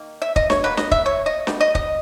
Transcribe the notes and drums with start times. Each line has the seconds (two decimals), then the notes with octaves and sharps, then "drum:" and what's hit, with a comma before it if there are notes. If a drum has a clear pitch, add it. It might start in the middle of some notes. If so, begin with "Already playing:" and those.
Already playing: D#3 A#3
0.22 E5
0.36 D#5, drum: kick
0.50 C#5, drum: snare
0.64 B2 A#3 B4
0.77 D#5, drum: snare
0.91 E5, drum: kick
1.06 C#5
1.26 D#5
1.47 B2 G3, drum: snare
1.61 D#5
1.75 D#5, drum: kick